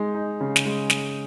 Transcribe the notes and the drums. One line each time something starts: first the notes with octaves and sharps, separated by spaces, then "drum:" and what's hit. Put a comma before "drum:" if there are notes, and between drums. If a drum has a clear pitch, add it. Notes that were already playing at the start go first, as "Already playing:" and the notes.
Already playing: G#3 D#4
D#4
C#3
drum: snare
G#3
G#3, drum: snare